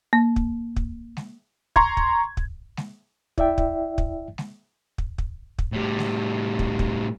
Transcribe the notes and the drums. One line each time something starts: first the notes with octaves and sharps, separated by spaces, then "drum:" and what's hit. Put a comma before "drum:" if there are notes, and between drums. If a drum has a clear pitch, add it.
A#3
drum: kick
drum: kick
drum: snare G#3
A#5 C6 C#6 G#6, drum: kick
drum: kick
drum: kick
drum: snare G#3
E4 D5 E5 G5, drum: kick
drum: kick
drum: kick
drum: snare G#3
drum: kick
drum: kick
drum: kick
A2 G3
drum: snare G#3
drum: kick
drum: kick